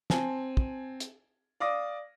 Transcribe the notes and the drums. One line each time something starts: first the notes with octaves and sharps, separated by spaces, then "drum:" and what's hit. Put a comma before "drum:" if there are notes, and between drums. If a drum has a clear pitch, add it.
C4 G#5 A5, drum: snare
drum: kick
drum: hi-hat
D5 F5 D6 D#6 A#6